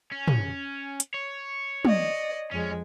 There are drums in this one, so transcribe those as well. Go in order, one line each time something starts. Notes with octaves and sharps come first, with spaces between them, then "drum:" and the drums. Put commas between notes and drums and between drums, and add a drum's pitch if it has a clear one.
C#4
drum: tom
drum: hi-hat
C#5
D5 D#5, drum: tom
F2 G#3 C#4